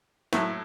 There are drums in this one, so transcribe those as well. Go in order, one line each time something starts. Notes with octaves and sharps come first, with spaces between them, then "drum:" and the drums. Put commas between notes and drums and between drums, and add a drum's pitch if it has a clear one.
A2 F#3 A3, drum: snare